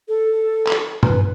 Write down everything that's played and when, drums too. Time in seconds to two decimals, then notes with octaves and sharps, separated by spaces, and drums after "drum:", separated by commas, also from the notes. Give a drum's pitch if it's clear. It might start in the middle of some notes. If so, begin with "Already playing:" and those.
0.08 A4
0.67 drum: clap
1.03 B4, drum: tom G2